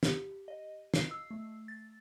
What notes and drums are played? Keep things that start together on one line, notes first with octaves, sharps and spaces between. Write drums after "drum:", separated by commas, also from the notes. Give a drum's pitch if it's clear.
G4, drum: snare
D#5
C7, drum: snare
E6
A3
A6